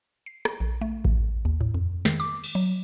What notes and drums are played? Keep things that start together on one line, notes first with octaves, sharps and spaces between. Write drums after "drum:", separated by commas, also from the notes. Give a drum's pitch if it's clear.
C7
drum: rim click
A#1
A3
drum: kick A1
D#2
A2
F2
D#3, drum: snare
D6
drum: cymbal
F#3